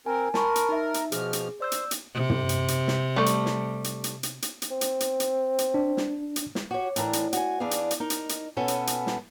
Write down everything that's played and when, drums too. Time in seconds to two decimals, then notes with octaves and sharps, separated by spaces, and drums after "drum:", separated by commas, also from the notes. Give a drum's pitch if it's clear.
0.06 C4 A#4 G#5
0.34 A#4 A5 B5 C#6, drum: snare
0.56 drum: hi-hat
0.69 D#4 E5
0.94 drum: hi-hat
1.12 B2 F3 G#4 F6, drum: hi-hat
1.33 drum: hi-hat
1.60 C5 D5 E6 G6
1.72 drum: hi-hat
1.91 drum: hi-hat
2.14 C3
2.30 drum: tom
2.49 drum: hi-hat
2.68 drum: hi-hat
2.88 drum: snare
3.16 G3 A3
3.26 drum: hi-hat
3.46 drum: snare
3.84 drum: hi-hat
4.04 drum: hi-hat
4.23 drum: hi-hat
4.42 drum: hi-hat
4.62 drum: hi-hat
4.71 C4
4.81 drum: hi-hat
5.00 drum: hi-hat
5.20 drum: hi-hat
5.58 drum: hi-hat
5.74 D4
5.97 drum: snare
6.36 drum: hi-hat
6.55 drum: snare
6.71 F#4 G4 C#5
6.96 A2 E3 D4 A#4 A#5, drum: hi-hat
7.13 drum: hi-hat
7.33 F#4 G#5, drum: hi-hat
7.60 E2 E3 D4 G#4 D5 F5
7.71 drum: hi-hat
7.91 drum: hi-hat
8.00 D#4 A#4
8.10 drum: hi-hat
8.29 drum: hi-hat
8.56 B2 B3 C#4 A4 E5 G#5
8.68 drum: hi-hat
8.87 drum: hi-hat
9.07 drum: snare